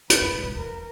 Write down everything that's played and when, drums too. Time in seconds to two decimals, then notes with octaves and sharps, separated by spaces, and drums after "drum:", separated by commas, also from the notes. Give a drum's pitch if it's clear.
0.10 F#2 B4, drum: hi-hat
0.21 F#2
0.33 G#2
0.44 G#2
0.56 E2 A#4